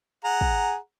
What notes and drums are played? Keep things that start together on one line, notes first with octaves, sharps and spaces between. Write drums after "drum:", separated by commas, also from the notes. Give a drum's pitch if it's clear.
G#4 F#5 A#5
drum: kick